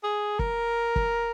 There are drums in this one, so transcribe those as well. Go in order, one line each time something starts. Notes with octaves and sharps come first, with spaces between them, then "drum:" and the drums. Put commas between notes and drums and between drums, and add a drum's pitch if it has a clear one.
G#4
A#4, drum: kick
drum: kick